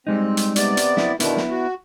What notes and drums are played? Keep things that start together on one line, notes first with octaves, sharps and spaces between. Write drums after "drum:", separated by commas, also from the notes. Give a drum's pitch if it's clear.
G3 G#3 C4 D#4
drum: hi-hat
C3 B3 D5, drum: hi-hat
drum: hi-hat
E4, drum: snare
B2 D3 D#3 B3 E4, drum: hi-hat
drum: snare
F#4